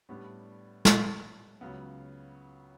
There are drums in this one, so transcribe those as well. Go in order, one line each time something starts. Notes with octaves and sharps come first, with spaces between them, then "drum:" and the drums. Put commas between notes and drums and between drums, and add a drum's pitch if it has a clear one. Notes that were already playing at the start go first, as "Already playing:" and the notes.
A2 G3 B3 D4
drum: snare
C#2 C#3 F#3 B3